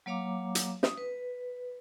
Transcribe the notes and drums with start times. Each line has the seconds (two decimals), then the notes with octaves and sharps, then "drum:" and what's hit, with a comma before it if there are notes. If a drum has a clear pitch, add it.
0.06 F#3 A#3 C#5 F5 A#5 D6
0.55 drum: hi-hat
0.83 D#6, drum: snare
0.98 B4